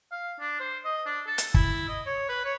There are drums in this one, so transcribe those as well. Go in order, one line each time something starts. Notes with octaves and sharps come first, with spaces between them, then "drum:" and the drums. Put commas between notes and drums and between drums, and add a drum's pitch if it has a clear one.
F5
D4
C5
D#5
D4
A4
drum: hi-hat
E4, drum: kick
D#5
C#5
B4
C#5